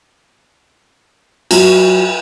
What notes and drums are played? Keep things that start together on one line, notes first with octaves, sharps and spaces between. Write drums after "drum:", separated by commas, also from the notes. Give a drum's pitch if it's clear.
F#3, drum: cymbal